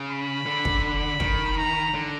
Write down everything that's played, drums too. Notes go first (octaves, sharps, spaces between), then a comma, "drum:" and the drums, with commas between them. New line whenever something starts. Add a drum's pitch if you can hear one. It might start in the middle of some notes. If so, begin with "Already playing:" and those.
Already playing: C#3
B5
D3
drum: kick
B5
D#3, drum: kick
A#5
D3